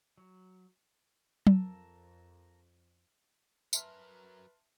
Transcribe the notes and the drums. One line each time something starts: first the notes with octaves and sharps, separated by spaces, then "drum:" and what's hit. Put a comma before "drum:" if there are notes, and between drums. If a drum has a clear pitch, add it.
F#3
F2 A#4 A5 E6, drum: tom F#3
F#3 A#4 B4 E5 A5 C6 F6, drum: tambourine